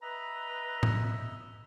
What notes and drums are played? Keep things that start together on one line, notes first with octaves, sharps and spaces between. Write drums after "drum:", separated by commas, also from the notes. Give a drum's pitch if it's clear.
B4 D#5 E5 A#5
drum: tom